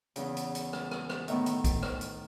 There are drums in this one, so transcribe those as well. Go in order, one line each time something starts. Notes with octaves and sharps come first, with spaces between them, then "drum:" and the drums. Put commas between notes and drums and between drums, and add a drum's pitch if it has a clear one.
E2 C#3, drum: hi-hat
drum: hi-hat
drum: hi-hat
drum: rim click
drum: rim click
drum: rim click
A2 D#3 B3, drum: hi-hat
drum: hi-hat
drum: kick B1, hi-hat
drum: rim click
drum: hi-hat